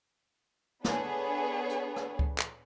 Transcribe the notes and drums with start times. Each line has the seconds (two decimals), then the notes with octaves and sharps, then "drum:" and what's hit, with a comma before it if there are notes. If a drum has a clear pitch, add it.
0.84 B3 D4 G#4 A4 B4 C#5, drum: snare
1.69 drum: hi-hat
1.96 drum: rim click
2.19 drum: kick C#2
2.38 drum: clap